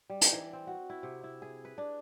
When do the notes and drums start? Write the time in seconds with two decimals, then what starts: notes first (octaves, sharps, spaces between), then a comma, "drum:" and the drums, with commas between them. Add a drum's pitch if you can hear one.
0.10 G3
0.21 D#4, drum: hi-hat
0.33 E3
0.53 C4
0.67 F#4
0.90 E4
1.03 C3
1.24 E4
1.42 G#4
1.65 B4
1.78 D4